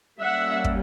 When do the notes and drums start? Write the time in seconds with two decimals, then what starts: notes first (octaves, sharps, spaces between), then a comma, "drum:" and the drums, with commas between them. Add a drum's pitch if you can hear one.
0.20 G3 A#3 C#4 E5 F#5
0.64 drum: kick